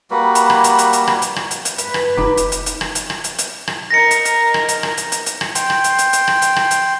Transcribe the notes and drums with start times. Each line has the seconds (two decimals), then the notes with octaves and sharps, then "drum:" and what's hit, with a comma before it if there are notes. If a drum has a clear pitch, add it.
0.11 G3 A#3 F#4 B4
0.35 drum: hi-hat
0.50 drum: rim click
0.64 drum: hi-hat
0.79 drum: hi-hat
0.93 drum: hi-hat
1.07 drum: rim click
1.22 drum: hi-hat
1.36 drum: rim click
1.51 drum: hi-hat
1.65 drum: hi-hat
1.78 B4, drum: hi-hat
1.94 drum: rim click
2.17 F1 D#4 B5 D6
2.37 drum: hi-hat
2.52 drum: hi-hat
2.66 drum: hi-hat
2.81 drum: rim click
2.95 drum: hi-hat
3.10 drum: rim click
3.24 drum: hi-hat
3.39 drum: hi-hat
3.67 drum: rim click
3.91 D#4 A#4 A#6 C#7
4.11 drum: hi-hat
4.25 drum: hi-hat
4.54 drum: rim click
4.69 drum: hi-hat
4.83 drum: rim click
4.98 drum: hi-hat
5.12 drum: hi-hat
5.26 drum: hi-hat
5.41 drum: rim click
5.55 G5 C6, drum: hi-hat
5.70 drum: rim click
5.84 drum: hi-hat
5.99 drum: hi-hat
6.13 drum: hi-hat
6.28 drum: rim click
6.42 drum: hi-hat
6.56 drum: rim click
6.71 drum: hi-hat